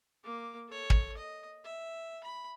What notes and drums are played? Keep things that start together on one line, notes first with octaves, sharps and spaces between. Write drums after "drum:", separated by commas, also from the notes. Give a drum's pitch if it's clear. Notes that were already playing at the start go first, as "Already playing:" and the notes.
A#3 D6
A4 C#5
drum: kick
D#5
E5
B5